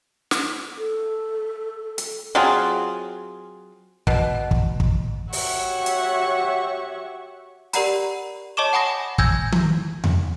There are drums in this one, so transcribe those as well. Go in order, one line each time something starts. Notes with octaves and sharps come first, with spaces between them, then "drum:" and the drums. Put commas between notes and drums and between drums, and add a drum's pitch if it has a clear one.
drum: snare
A4
drum: hi-hat
F#3 C4 F4 G#4
B2, drum: kick
drum: kick
drum: kick
F#4 G4 C#5 E5 F#5 C#6, drum: open hi-hat
drum: hi-hat
G4 A#4 D5 F#5 A#5 B5, drum: hi-hat
C#5 D#5 A5 C#6 D6 E7
F#5 G#5 B5 D#6 A#6
G#5 E6 G6 G#6 A#6, drum: kick
drum: tom D#3
drum: tom E2